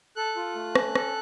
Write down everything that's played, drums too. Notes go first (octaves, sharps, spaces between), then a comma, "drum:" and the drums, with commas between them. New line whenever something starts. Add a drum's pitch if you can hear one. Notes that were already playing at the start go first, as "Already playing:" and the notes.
A4 F#6
F4
A3
C#4, drum: rim click
A4, drum: rim click